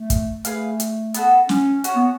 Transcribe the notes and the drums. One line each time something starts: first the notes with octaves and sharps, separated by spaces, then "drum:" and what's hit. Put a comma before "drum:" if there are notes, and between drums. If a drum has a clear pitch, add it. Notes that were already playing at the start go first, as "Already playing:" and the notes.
Already playing: A3
drum: kick, hi-hat
A3 G#4 B4 F5, drum: hi-hat
drum: hi-hat
B3 F#4 A4, drum: hi-hat
C#4, drum: snare
C#4 F#4 C#5, drum: hi-hat
B3